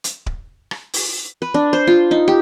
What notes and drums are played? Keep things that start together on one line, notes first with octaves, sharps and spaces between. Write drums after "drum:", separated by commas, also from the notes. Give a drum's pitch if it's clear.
drum: hi-hat
drum: kick D1
drum: rim click
drum: open hi-hat
B4
D4
C5
F4
D#4
G4